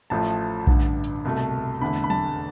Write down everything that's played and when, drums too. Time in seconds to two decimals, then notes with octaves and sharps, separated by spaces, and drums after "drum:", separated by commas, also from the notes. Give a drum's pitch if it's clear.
0.10 A1 A2 F3 A3 A5
0.67 A1 G2 D3, drum: kick A#1
1.04 drum: hi-hat
1.25 C2 B2 A3
1.81 F1 E2 D3 A3 B5
2.04 B5
2.10 A5, drum: tom F#3